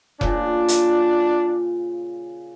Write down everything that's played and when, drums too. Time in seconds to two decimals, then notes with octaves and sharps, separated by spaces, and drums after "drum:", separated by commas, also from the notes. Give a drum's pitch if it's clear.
0.21 A#2 C#3 D4, drum: kick F1
0.68 drum: hi-hat